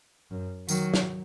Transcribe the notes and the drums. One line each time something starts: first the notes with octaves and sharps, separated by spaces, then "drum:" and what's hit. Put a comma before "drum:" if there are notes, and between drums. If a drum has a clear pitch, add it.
F#2
D#3 F#3, drum: tambourine
drum: snare